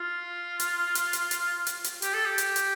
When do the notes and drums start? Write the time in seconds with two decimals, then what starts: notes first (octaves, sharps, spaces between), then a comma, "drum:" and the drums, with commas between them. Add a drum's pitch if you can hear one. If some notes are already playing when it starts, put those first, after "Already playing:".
Already playing: F4
0.60 drum: hi-hat
0.95 drum: hi-hat
1.13 drum: hi-hat
1.31 drum: hi-hat
1.67 drum: hi-hat
1.84 drum: hi-hat
2.02 G4, drum: hi-hat
2.14 A4
2.25 G4
2.38 drum: hi-hat
2.56 drum: hi-hat